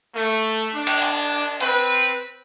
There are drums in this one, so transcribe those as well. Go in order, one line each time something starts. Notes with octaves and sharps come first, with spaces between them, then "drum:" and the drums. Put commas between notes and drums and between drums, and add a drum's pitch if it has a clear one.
A3
D4
drum: cymbal
drum: hi-hat
C4 B4, drum: hi-hat